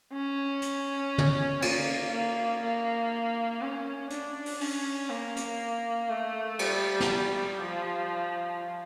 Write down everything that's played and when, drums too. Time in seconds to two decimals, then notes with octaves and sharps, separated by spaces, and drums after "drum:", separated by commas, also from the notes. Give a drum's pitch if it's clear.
0.13 C#4
0.62 drum: hi-hat
1.18 drum: tom
1.62 A#3, drum: cymbal
2.11 A#3
2.61 A#3
3.61 C#4
4.10 D4, drum: hi-hat
4.45 drum: open hi-hat
4.61 C#4, drum: open hi-hat
5.09 A#3
5.36 drum: hi-hat
6.10 A3
6.59 G3, drum: cymbal
7.00 drum: snare
7.59 F3